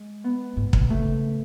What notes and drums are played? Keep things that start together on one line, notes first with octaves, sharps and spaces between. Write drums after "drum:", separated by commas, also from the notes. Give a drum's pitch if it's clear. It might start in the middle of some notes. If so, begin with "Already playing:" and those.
Already playing: G#3
B3
G#2
B2, drum: kick
C#3 A3